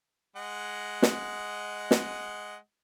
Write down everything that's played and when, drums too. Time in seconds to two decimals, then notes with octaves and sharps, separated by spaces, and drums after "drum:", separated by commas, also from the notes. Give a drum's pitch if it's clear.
0.36 G#3 D#5 F#5
1.02 drum: snare
1.91 drum: snare